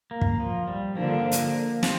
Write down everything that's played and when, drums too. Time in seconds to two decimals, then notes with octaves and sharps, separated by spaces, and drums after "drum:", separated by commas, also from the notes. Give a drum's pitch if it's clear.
0.11 A#3
0.21 drum: kick
0.40 F3
0.68 G3
0.96 D3 F3 A#3 D4
1.32 drum: hi-hat
1.83 C4, drum: snare